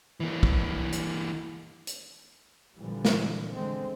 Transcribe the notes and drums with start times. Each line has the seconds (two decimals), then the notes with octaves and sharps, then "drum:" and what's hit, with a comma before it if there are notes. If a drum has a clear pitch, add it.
0.20 E3 A#3
0.43 drum: kick
0.92 drum: hi-hat
1.87 drum: hi-hat
2.77 A#2 D3 E3 F3 G3
3.05 drum: snare
3.52 D3 G#3 C4